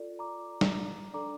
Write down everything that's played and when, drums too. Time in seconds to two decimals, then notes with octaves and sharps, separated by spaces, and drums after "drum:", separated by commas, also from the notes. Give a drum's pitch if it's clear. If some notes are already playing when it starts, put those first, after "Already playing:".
Already playing: F4 A4 D5
0.19 A#5 D6
0.61 drum: snare
1.14 D4 A4 D5 A#5 D6